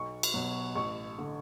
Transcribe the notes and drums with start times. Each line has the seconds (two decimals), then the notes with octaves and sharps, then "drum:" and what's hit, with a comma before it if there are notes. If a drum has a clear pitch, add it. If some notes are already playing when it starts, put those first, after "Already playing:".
Already playing: B1 C#6
0.23 drum: cymbal
0.34 B2 F#3
0.75 A1 C#6
1.18 D3